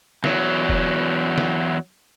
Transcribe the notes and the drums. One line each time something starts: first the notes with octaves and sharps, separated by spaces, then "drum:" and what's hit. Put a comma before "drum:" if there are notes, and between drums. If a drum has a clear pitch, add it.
E2 F#3, drum: snare
drum: kick E1
drum: snare